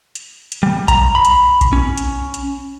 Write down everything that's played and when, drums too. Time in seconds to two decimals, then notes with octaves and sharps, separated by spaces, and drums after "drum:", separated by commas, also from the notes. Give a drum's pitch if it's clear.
0.15 drum: hi-hat
0.52 drum: hi-hat
0.63 G3
0.88 A#5, drum: kick A#1, hi-hat
1.15 B5
1.25 drum: hi-hat
1.61 drum: kick A#1, hi-hat
1.73 C#4
1.98 drum: hi-hat
2.34 drum: hi-hat